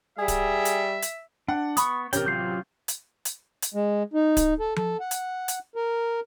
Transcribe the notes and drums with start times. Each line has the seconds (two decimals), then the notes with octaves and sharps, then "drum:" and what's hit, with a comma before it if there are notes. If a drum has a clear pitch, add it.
0.19 G3 G#4 E5
0.28 drum: kick D1, hi-hat
0.65 drum: hi-hat
1.02 drum: hi-hat
1.48 D4 F#5
1.77 B3 B5 C#6 D#6, drum: hi-hat
2.13 A1 C3 A#4 C#5 G5, drum: hi-hat
2.26 F#3 F4 G6 C7
2.88 drum: hi-hat
3.25 drum: hi-hat
3.62 drum: hi-hat
3.74 G#3
4.14 D#4
4.37 drum: kick D1, hi-hat
4.60 A4
4.76 A4, drum: tom F3
5.00 F#5
5.11 drum: hi-hat
5.48 drum: hi-hat
5.76 A#4